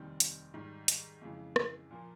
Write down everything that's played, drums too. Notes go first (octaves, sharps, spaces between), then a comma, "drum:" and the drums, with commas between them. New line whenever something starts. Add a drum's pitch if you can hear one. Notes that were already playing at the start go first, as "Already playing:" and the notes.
Already playing: F1 D#2 D#3 G3 C4
drum: hi-hat
G#2 D#3 G3
drum: hi-hat
F2 C#3 E3 G#3
drum: rim click
A#2 F3 A#3